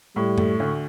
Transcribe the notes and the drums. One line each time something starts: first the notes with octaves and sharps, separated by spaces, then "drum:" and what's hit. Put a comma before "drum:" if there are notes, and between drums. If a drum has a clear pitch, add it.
A2 G3
A3, drum: tom F#2
D2